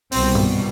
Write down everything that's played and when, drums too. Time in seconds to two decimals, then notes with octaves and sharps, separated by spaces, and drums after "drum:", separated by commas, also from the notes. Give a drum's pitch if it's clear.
0.12 C2 B2 G3 C4, drum: open hi-hat
0.35 drum: tom G2